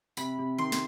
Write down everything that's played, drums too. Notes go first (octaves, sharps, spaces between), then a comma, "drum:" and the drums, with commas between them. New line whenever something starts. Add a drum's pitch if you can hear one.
C3 B5, drum: tambourine
C3
D#3 C6
drum: snare